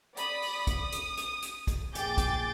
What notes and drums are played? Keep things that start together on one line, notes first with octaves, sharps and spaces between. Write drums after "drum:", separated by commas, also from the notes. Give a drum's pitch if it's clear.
D5 B5 D#6, drum: hi-hat
drum: open hi-hat
drum: kick, hi-hat
D#6
drum: hi-hat
drum: hi-hat
drum: hi-hat
drum: kick, hi-hat
A#1 G#4 G5 D6 G6 A6, drum: hi-hat
drum: kick, hi-hat